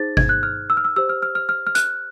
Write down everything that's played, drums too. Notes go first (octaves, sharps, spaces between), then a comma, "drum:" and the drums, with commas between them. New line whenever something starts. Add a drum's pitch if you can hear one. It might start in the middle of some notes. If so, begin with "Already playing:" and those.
Already playing: D#4 G#4 C5 A6
G#6, drum: kick G#1
F#6
F6
E6
F6
E6
G4 C5 E6
F6
F6
F6
F6
F6
F#6, drum: hi-hat